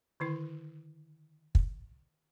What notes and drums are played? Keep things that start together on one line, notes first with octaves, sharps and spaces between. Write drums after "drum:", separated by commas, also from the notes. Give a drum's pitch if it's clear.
D3 D#3 E4
drum: kick